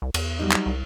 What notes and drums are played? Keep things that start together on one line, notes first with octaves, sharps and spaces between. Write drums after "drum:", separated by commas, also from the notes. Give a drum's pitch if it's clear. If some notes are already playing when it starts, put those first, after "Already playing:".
C2
E2, drum: cymbal
F#3 G3 D#4
drum: clap
C2